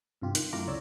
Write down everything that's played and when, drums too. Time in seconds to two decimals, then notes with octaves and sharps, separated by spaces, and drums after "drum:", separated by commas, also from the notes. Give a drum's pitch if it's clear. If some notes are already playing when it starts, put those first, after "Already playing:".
0.22 G2 C3 F4 G4
0.35 D#3, drum: hi-hat
0.53 F#2 A3 E4 F4 A#5 D6
0.67 C#2 F4 C#5 D5 E6